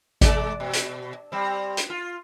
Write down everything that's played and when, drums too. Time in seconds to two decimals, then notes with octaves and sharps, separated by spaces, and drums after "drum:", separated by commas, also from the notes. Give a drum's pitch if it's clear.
0.21 G#3 D5, drum: kick G#1, hi-hat
0.60 B2
0.73 drum: hi-hat
1.32 G3 C4
1.77 drum: hi-hat
1.90 F4